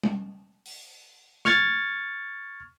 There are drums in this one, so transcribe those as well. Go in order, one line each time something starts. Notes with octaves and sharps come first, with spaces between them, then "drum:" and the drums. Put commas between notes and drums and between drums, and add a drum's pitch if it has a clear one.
drum: tom G3
drum: open hi-hat
C#6 F6 G#6 A6, drum: snare